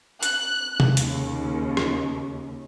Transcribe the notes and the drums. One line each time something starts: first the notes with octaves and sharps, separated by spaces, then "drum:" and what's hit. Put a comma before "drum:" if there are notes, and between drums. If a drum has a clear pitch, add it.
F#6, drum: hi-hat
drum: tom C3
D#2 C#3, drum: hi-hat
drum: rim click